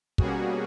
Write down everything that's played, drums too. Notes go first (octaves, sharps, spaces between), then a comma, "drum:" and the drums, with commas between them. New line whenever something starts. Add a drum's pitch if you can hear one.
B2 G3 A#3 C#4 F#4 G#4, drum: kick